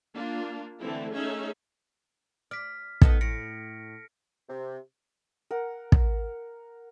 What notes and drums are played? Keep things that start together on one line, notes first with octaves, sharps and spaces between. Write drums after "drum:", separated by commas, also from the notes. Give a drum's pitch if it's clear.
A#3 D4 F4
D3 E3 A3 C4 E4
A3 C#4 D#4 G#4 C#5 E5
D5 F6 B6
B3 D#4 A4, drum: kick
A2 A#6 C#7 D7
C3
A#4 F#5
drum: kick